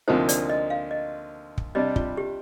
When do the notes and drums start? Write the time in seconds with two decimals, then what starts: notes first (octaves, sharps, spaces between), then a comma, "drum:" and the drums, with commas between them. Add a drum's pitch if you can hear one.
0.08 D2 C3 F3 A#3 D#4 C5
0.29 D5, drum: hi-hat
0.49 D#5
0.70 F5
0.91 D#5
1.58 drum: kick
1.75 C3 G3 D4 D#5
1.96 F4, drum: kick
2.17 G4